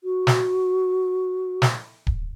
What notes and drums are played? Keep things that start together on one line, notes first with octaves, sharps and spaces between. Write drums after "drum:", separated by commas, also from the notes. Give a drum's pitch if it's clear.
F#4
drum: snare
drum: snare
drum: kick D1